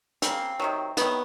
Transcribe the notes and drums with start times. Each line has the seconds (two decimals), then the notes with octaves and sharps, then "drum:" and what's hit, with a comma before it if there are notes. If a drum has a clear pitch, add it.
0.22 C#3 F#3 A#3 C4, drum: hi-hat
0.60 C3 D#3 F#3
0.97 C3 D#3 F#3 B3, drum: hi-hat